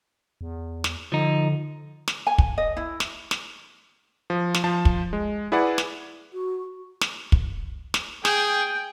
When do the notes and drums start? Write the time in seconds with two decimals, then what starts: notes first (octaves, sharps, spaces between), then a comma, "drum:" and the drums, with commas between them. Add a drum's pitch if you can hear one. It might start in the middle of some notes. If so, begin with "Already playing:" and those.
0.41 E2
0.84 drum: snare
1.12 D3 F3 D#4
2.08 drum: snare
2.27 G#5
2.38 drum: kick
2.58 D#5
2.77 E4
3.00 drum: snare
3.31 drum: snare
4.30 F3
4.54 drum: snare
4.64 F3 C5 A5
4.85 drum: kick
5.13 G#3
5.52 E4 G#4 B4 D5 F#5
5.78 drum: snare
6.33 F#4
7.01 drum: snare
7.32 drum: kick
7.94 drum: snare
8.25 G#4 G5, drum: snare